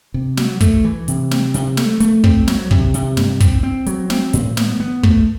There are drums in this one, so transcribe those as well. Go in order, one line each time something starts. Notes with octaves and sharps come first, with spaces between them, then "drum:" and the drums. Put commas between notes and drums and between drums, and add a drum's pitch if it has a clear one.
C3
F#3, drum: snare
A3, drum: kick, hi-hat
E3
C3, drum: hi-hat
C4, drum: snare
C3, drum: hi-hat
A3, drum: snare
A3, drum: hi-hat
C4, drum: kick
F#3, drum: snare
C3, drum: kick
C3, drum: hi-hat
G2, drum: snare
C4, drum: kick, hi-hat
C4
F#3, drum: hi-hat
C4, drum: snare
A2, drum: hi-hat
B3, drum: snare
B3
A3, drum: kick